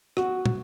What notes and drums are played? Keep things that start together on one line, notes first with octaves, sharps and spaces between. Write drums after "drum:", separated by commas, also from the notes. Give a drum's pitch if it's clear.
F#4, drum: rim click
drum: tom